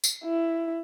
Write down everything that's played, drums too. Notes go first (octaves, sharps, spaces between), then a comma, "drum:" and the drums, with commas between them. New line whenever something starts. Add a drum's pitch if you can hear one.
drum: tambourine
E4